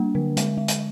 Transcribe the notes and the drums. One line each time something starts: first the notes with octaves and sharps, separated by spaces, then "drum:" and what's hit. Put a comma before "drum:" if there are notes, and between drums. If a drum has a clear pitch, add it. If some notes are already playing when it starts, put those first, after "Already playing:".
Already playing: G3 A#3 D4
D3
G#3, drum: hi-hat
G#3
drum: hi-hat